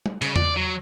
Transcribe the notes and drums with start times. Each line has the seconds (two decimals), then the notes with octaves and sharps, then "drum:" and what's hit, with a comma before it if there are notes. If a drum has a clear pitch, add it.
0.06 drum: tom G3
0.22 C#3, drum: cymbal
0.36 D5, drum: tom E2
0.57 F#3